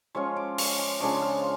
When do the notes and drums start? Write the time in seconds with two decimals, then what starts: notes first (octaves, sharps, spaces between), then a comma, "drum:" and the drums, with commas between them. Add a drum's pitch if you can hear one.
0.15 F3 G#3 C#4 F4 C#6
0.36 D6
0.58 C#6, drum: open hi-hat
0.79 D6
1.00 C#3 F3 G#3 D4 C#6
1.22 F5